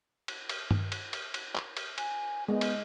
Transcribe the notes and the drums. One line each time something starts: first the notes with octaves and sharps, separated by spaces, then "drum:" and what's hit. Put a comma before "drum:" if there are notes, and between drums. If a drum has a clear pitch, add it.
drum: cymbal
drum: cymbal
drum: tom G2
drum: cymbal
drum: cymbal
drum: cymbal
drum: clap
drum: cymbal
G#5, drum: cymbal
G#3 B3
drum: cymbal